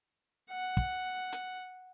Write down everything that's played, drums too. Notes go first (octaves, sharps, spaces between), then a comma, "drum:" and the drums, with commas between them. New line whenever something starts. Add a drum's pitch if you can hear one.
F#5
drum: kick
drum: hi-hat